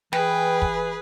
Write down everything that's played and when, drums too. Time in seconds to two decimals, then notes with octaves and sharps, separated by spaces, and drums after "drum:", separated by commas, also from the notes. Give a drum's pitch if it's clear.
0.13 E3 G#4 B4 G5, drum: snare
0.62 drum: kick